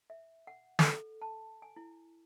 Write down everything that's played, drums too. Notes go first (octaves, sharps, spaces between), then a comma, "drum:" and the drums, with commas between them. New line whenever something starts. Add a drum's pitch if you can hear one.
E5
F#5
A4, drum: snare
A5
G#5
E4